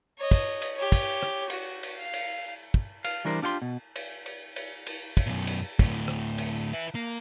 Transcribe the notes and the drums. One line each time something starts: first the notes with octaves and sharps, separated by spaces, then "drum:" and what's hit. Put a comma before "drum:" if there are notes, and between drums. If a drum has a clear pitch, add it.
C#5 D#5
drum: kick, cymbal
drum: cymbal
G4 C#5
drum: kick, cymbal
drum: rim click
F#4, drum: cymbal
drum: cymbal
F5
drum: cymbal
drum: kick
F5, drum: cymbal
E3 G3 D4 A#4 C5
D4 F4 G4 F#5 C6
B2
drum: cymbal
drum: cymbal
drum: cymbal
drum: cymbal
drum: kick, cymbal
F#2 B2
drum: cymbal
D2 A2, drum: kick, cymbal
drum: rim click
drum: cymbal
B4 E5
A#3